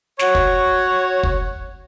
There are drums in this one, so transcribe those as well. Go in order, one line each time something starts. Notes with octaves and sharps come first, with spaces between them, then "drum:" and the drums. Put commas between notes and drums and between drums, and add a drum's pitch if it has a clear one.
F#4 C#5, drum: snare
drum: kick
drum: kick